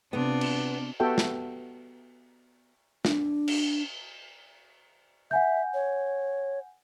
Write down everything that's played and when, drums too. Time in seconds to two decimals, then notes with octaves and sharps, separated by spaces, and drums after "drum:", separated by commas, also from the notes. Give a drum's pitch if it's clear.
0.13 C3 B3 D4 F4
0.41 drum: cymbal
1.00 B3 F#4 G4 A4 E5 G5
1.18 drum: snare
3.05 D4, drum: snare
3.48 drum: cymbal
5.31 E5 F#5 G#5 G6
5.74 C#5